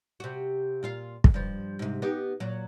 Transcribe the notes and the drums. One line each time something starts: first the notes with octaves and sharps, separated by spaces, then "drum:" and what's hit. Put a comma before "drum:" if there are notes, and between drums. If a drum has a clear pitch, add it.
C3 F#4
A#2 F4 F5
drum: kick
G2 F3
G#2 C3
B3 D#4 G4
A#2 F#3